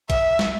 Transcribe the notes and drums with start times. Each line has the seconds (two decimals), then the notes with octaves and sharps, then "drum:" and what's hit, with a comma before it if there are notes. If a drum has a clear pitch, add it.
0.10 E5, drum: kick, hi-hat
0.39 drum: snare